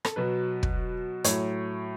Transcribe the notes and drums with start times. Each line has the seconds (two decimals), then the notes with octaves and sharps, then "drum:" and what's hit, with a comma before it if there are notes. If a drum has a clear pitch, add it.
0.05 A4, drum: rim click
0.16 B2 F#3 B4
0.63 drum: kick
1.24 A2 F#3 C#5, drum: hi-hat